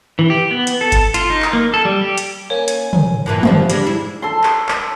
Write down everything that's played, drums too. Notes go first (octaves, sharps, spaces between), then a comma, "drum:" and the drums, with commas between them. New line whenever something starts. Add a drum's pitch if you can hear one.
E3
G4
B3
drum: hi-hat
A4
drum: kick G1, hi-hat
F4, drum: hi-hat
D#4
drum: clap
A#3
A4
G3
G4
drum: hi-hat
A#3 C#4 C#5 G#5
drum: hi-hat
drum: tom
G2 A#2 E3
D2 F3 G3, drum: tom
G3 G#3 D4, drum: hi-hat
E4
A4 C6
drum: clap
drum: clap